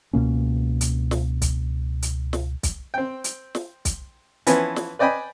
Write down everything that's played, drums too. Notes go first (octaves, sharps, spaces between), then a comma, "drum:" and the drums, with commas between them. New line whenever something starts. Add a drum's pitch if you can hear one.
C#2 B2 A#3 C#4
drum: hi-hat
drum: snare
drum: kick, hi-hat
drum: hi-hat
drum: snare
drum: kick, hi-hat
C4 G5
drum: hi-hat
drum: snare
drum: kick, hi-hat
E3 F3 B3 C#4, drum: hi-hat
drum: snare
B4 D5 D#5 G5 G#5 B5